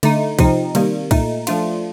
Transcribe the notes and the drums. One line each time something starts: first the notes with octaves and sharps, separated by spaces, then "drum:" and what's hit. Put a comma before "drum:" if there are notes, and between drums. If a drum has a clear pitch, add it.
D3 A3 D#4, drum: cymbal
C3 F3 C4 D#4, drum: kick B1, cymbal
C3 D#3 G3 A#3, drum: cymbal
A#2 A3 D#4, drum: kick B1, cymbal
F3 A3 D4 F4, drum: cymbal